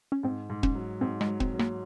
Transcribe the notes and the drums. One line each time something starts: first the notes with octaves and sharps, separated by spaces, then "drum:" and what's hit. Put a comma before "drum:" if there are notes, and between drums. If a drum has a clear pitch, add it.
C#4
G#2 C4
G#2
C#4, drum: kick
F#3
G#2 C4
G#3, drum: rim click
F#3
C4, drum: kick
F#3
A#3, drum: rim click